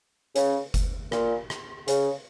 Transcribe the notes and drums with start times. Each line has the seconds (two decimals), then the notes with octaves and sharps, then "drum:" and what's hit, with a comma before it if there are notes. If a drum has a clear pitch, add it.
0.36 C#3, drum: hi-hat
0.74 drum: kick F#1, hi-hat
1.12 A#2, drum: rim click
1.50 drum: rim click
1.88 C#3, drum: hi-hat